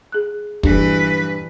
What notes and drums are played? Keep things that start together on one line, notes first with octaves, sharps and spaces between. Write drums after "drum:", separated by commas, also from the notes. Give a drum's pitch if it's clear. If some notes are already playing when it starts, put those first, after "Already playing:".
G#4 F#6
G2 A#2 E3 A#3 B4, drum: kick